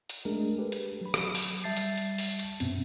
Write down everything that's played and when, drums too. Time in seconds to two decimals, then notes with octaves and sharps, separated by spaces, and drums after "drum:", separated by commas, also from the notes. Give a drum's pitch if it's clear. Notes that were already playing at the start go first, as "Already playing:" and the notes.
0.10 drum: hi-hat
0.25 G#3 A3 D4 G#4 A#4
0.58 G4 A4 B4
0.72 drum: hi-hat
1.01 F#3 B5
1.14 drum: rim click
1.35 drum: open hi-hat
1.64 G3 E5 A5 G6 A6 C7
1.77 drum: hi-hat
1.98 drum: hi-hat
2.18 drum: open hi-hat
2.39 drum: hi-hat
2.60 F#2 B2 B3 C4, drum: hi-hat